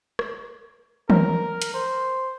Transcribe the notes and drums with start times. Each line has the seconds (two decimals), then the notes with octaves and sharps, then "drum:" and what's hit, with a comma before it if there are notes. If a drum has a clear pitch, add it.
0.19 drum: rim click
1.10 A#4, drum: tom
1.62 drum: hi-hat
1.74 C5